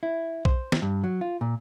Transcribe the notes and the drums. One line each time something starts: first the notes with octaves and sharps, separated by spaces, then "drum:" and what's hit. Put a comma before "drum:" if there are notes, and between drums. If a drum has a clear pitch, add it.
E4
C5, drum: kick A#1
drum: snare
G2
F#3
F4
A#2